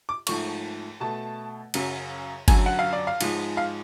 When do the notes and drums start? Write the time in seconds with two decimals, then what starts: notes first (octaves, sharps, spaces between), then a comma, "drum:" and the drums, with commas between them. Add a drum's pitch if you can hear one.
0.09 D6
0.27 G#2 F3 A3 C#6, drum: cymbal
1.00 B2 A3 A5
1.74 F#2 C#3 F#3, drum: cymbal
2.48 F#2 D3 F#3 G#5, drum: kick G1, cymbal
2.66 F#5
2.79 F5
2.93 D5
3.07 F5
3.21 G#2 F3 G#3, drum: cymbal
3.57 F5